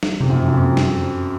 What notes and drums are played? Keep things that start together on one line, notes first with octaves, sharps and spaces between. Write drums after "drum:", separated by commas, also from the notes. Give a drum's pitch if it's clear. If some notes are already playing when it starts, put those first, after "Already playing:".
drum: snare
F2 C3
F#2
F2
F#2
F2
drum: snare